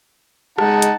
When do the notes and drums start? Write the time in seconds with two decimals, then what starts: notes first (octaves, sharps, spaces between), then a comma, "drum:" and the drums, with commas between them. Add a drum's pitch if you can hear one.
0.58 G#3 D#4 F#5 A5, drum: rim click
0.82 drum: hi-hat